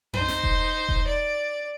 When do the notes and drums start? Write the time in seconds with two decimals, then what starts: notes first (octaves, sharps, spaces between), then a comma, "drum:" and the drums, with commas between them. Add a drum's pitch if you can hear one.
0.13 D#4 C5, drum: tom F2
0.28 drum: snare
0.43 drum: kick E1
0.89 drum: kick E1
1.06 D5